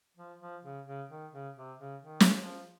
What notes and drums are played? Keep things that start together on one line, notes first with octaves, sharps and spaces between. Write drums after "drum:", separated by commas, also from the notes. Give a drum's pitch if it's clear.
F3
F3
C#3
C#3
D#3
C#3
C3
C#3
D#3
drum: snare
F3